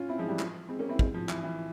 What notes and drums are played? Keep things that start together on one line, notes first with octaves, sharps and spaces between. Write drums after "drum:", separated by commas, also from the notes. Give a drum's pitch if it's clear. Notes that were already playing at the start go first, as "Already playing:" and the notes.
Already playing: C#4 F4
C4 E4
F3 G#3
E3 G3
F3, drum: clap
G#3 C4
A#3 C#4
C4 E4
G#3 C4, drum: kick
F3
E3, drum: clap
E3